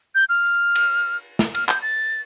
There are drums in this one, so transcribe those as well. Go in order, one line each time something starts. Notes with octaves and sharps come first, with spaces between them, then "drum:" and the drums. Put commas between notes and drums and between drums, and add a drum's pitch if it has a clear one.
G6
F6
drum: cymbal
drum: snare
F6, drum: cymbal
G6, drum: clap
A6